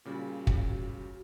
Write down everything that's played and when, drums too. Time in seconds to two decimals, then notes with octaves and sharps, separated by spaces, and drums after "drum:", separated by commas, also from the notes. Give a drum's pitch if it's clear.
0.05 A#2 C#3 G3 F#4
0.47 drum: kick